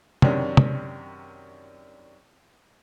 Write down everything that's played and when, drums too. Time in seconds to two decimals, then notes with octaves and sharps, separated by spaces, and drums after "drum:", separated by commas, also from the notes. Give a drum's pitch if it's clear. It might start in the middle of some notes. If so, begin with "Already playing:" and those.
0.22 F#2 C3 D#3 C#4 D4, drum: tom
0.57 drum: tom